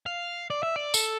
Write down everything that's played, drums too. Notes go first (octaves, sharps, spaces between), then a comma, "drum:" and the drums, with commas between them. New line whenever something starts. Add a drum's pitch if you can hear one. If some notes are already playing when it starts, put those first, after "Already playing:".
F5
D5
E5
D5
A4, drum: tambourine